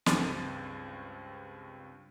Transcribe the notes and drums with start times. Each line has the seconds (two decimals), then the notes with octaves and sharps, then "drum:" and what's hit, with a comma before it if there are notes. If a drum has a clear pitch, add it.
0.06 C#2 G2 C4 A6 D#7, drum: snare